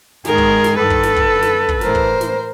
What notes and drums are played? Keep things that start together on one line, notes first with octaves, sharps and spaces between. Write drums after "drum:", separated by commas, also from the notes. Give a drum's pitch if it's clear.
G#2 D#3 G#4 A#4, drum: snare
drum: kick
drum: snare
G2 D#3 A4 B4
drum: kick
drum: snare
drum: kick
F#2 D3
drum: snare
drum: kick
A2 E3 A#4 C5, drum: snare
drum: kick
drum: snare